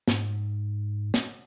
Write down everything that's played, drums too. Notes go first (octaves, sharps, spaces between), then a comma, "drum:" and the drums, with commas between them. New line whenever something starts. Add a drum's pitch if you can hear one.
G#2, drum: snare
drum: snare